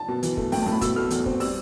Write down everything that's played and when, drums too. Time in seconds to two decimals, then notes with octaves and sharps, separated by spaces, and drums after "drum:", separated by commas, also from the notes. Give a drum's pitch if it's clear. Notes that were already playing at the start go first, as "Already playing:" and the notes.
Already playing: A5
0.08 B2
0.23 E3, drum: hi-hat
0.37 A3, drum: kick F#1
0.52 A2 G5, drum: open hi-hat
0.62 A5
0.66 A2
0.72 B5
0.81 B2 E6, drum: kick F#1, hi-hat
0.96 A3 F6
1.10 E2, drum: hi-hat
1.26 C4, drum: kick F#1
1.40 G3 E6, drum: open hi-hat